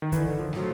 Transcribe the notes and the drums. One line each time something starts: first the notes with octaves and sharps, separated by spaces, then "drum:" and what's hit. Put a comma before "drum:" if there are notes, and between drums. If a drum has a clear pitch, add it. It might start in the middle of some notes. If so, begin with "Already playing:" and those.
D#3
D3 E3, drum: kick, hi-hat
F3
F3 F#3 A3, drum: snare